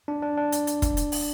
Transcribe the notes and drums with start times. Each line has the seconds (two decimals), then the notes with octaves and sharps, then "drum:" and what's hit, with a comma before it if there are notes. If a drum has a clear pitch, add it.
0.08 D4
0.22 D4
0.37 D4
0.52 drum: hi-hat
0.67 drum: hi-hat
0.82 drum: kick, hi-hat
0.97 drum: hi-hat
1.12 drum: open hi-hat